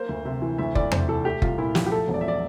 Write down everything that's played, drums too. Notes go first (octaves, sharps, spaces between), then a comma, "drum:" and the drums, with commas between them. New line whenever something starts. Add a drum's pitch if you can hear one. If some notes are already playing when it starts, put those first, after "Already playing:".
Already playing: A#3 C5
D2
C3
E3
D2 E5
D2 D5, drum: kick F#1
C3 C5, drum: tom E2
E3 A4
A3 G4
C2 F4, drum: kick F#1
A#2 E4
F3 G4, drum: snare
G4
A3 A4
E1
D5
E5
D5